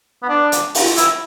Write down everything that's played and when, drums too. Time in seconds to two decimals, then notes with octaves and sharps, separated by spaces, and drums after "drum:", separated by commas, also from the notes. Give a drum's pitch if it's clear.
0.23 B3
0.29 D4
0.52 drum: hi-hat
0.75 drum: open hi-hat
0.97 E4, drum: hi-hat